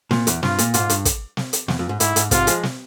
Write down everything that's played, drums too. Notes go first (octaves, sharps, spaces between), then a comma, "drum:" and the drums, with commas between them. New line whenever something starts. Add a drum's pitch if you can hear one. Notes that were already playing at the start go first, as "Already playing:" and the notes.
A#2, drum: snare
E2, drum: hi-hat
G2 F4, drum: snare
A#2, drum: hi-hat
G#2 F4, drum: hi-hat
G2, drum: hi-hat
drum: kick, hi-hat
drum: snare
drum: hi-hat
E2, drum: snare
F2
G#2
G#2 E4, drum: hi-hat
G#2, drum: hi-hat
G#2 C3 F4, drum: kick, hi-hat
F3 G#3, drum: hi-hat
drum: snare